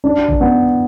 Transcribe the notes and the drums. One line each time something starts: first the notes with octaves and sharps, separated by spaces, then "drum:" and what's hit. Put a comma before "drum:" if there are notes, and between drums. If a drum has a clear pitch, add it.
D4
drum: kick A1
B3